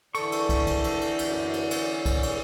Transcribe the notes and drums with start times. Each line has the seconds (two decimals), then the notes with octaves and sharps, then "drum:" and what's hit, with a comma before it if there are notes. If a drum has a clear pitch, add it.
0.15 D3 E3 A4 D5 C#6, drum: cymbal
0.32 drum: cymbal
0.49 drum: kick, cymbal
0.67 drum: kick, cymbal
0.84 drum: cymbal
1.01 drum: cymbal
1.19 drum: cymbal
1.28 F#2
1.53 drum: cymbal
1.71 drum: cymbal
1.82 C#4
2.06 drum: kick, cymbal
2.23 drum: cymbal